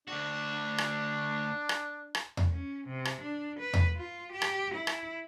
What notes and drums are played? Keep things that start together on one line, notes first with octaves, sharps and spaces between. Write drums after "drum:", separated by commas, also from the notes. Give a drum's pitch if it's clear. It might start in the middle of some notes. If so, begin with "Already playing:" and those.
D2 D4 F#4
drum: rim click
drum: rim click
drum: rim click
drum: tom E2
C#4
C3
drum: rim click
D4
B4
drum: tom E2
F4
G4
drum: rim click
E4
drum: rim click